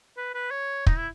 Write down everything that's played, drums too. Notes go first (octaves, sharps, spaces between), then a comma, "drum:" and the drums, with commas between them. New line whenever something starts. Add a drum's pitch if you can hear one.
B4
B4
C#5
D#4, drum: kick
E4